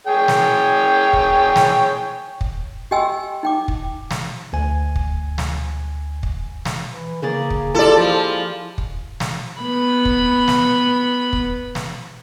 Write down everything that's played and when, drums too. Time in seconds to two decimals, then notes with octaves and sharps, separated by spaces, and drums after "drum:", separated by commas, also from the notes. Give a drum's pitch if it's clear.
0.07 G#4 C#5 G5
0.28 drum: snare
1.13 drum: kick
1.56 drum: snare
2.41 drum: kick
2.91 G4 D#5 G5 G#5 C6 E6
3.43 D#4 G5 D6
3.68 drum: kick
4.11 drum: snare
4.53 D2 G#5
4.96 drum: kick
5.38 drum: snare
6.23 drum: kick
6.65 drum: snare
6.86 E3
7.22 C#3 A#3 G#4 D5
7.50 drum: kick
7.75 G#3 E4 F4 G4 A4 D5
7.97 F3
8.78 drum: kick
9.20 drum: snare
9.62 B3 B5
10.05 drum: kick
10.48 drum: snare
11.33 drum: kick
11.75 drum: snare